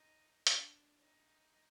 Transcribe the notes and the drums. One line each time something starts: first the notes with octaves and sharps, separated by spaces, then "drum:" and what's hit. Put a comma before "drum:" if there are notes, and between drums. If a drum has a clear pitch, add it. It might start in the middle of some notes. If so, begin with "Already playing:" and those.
Already playing: D#4
D4, drum: hi-hat
D#4